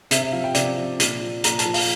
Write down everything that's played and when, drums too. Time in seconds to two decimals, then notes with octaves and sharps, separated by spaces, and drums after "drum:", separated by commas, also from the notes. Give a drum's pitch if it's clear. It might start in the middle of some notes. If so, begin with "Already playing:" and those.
0.11 C3 E5, drum: hi-hat
0.22 E5
0.32 F3 F5
0.44 G5
0.55 C3 D5, drum: hi-hat
0.77 F3
1.00 A#2, drum: hi-hat
1.21 F3
1.44 A#2 A#5, drum: hi-hat
1.59 A5, drum: hi-hat
1.66 F3
1.74 F5, drum: open hi-hat